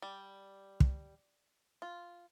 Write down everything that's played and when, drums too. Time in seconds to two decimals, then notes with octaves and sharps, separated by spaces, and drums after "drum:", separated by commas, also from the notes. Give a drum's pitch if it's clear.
0.02 G3
0.80 drum: kick
1.82 F4